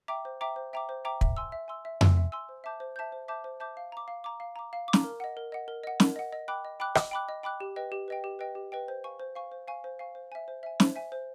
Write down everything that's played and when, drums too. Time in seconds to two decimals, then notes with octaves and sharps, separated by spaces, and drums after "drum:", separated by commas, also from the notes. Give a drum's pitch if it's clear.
0.08 E5 G5 A#5 D6
0.25 C5
0.41 E5 G5 A#5 D6
0.56 C5
0.73 E5 G5 A#5 D6
0.89 C5
1.05 E5 G5 A#5 D6
1.21 E5, drum: kick
1.37 G#5 C6 E6
1.52 E5
1.68 G#5 C6 E6
1.85 E5
2.01 G#5 C6 E6, drum: tom F2
2.17 E5
2.32 G#5 C6 E6
2.49 C5
2.64 E5 A5 D6 G6
2.80 C5
2.96 E5 A5 D6 G6
3.12 C5
3.28 E5 A5 D6 G6
3.44 C5
3.60 E5 A5 D6 G6
3.77 F5
3.92 A#5 D6
4.08 F5
4.24 A#5 D6
4.40 F5
4.56 A#5 D6
4.73 F5
4.88 D6
4.93 A#5, drum: snare
5.04 A#4
5.20 D#5 F#5
5.37 A#4
5.52 D#5 F#5
5.68 A#4
5.84 D#5 F#5
6.00 A#4, drum: snare
6.16 D#5 F#5
6.33 D#5
6.48 G5 B5 D6 F#6
6.65 D#5
6.80 G5 B5 D6 F#6
6.95 D#5, drum: rim click
7.11 G5 B5 D6 F#6
7.29 D#5
7.43 G5 B5 D6 F#6
7.60 G4
7.76 B4 D#5 G5
7.92 G4
8.08 B4 D#5 G5
8.24 G4
8.39 B4 D#5 G5
8.55 G4
8.72 B4 D#5 G5
8.88 C5
9.04 F5 G#5 C#6
9.20 C5
9.35 F5 G#5 C#6
9.52 C5
9.68 F5 G#5 C#6
9.84 C5
9.99 F5 G#5 C#6
10.15 C5
10.32 E5 G#5
10.48 C5
10.63 E5 G#5
10.80 C5, drum: snare
10.96 E5 G#5
11.12 C5